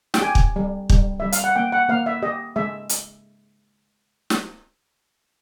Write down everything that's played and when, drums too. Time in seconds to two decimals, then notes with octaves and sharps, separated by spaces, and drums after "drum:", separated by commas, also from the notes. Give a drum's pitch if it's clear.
0.14 G5, drum: snare
0.21 G4 G#5
0.35 drum: kick
0.56 G3
0.90 G3, drum: kick
1.20 G3 E5
1.32 F5, drum: hi-hat
1.44 F#5
1.56 A#3 G5
1.72 F#5
1.89 A#3 F5
2.06 E5
2.22 G4 D#5
2.56 G#3 E5
2.89 drum: hi-hat
4.30 drum: snare